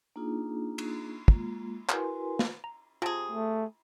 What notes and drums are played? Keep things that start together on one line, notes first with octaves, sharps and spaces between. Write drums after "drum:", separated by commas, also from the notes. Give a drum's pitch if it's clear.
A#3 D4 D#4 F4 G#4
drum: cymbal
G#3 A#3 F4, drum: kick
E4 F#4 A#4 B4 G#5 C6, drum: clap
drum: snare
A#5
C3 F4 G#4 G#5 A5
A3